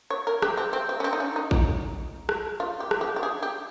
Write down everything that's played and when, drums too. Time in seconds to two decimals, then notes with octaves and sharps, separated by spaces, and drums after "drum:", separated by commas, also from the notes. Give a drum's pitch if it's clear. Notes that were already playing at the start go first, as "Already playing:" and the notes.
0.10 C#5
0.27 A#4
0.42 G4, drum: rim click
0.57 C4
0.73 C4
0.89 C4
1.00 C#4
1.04 C4
1.13 D#4
1.20 C#4
1.36 D#4
1.51 drum: kick A1
2.29 drum: rim click
2.60 F4
2.80 G4
2.91 drum: rim click
3.01 G4
3.16 G4
3.23 G#4
3.43 G4